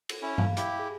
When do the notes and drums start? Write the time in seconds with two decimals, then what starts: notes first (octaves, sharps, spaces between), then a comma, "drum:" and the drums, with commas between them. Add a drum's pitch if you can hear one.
0.09 drum: cymbal
0.22 C#4 E4
0.38 F5, drum: tom G2
0.57 E4 G4, drum: hi-hat
0.79 G#4